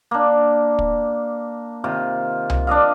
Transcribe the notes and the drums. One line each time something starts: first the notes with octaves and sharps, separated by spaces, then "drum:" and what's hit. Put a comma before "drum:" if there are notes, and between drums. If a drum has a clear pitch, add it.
A#3 D4
drum: kick
C3 D#3 F4
drum: tom C2
D4 D5 D#5 F5